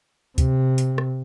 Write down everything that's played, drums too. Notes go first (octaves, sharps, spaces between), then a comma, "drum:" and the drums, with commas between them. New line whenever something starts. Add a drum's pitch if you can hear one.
C3, drum: kick, hi-hat
drum: hi-hat
drum: rim click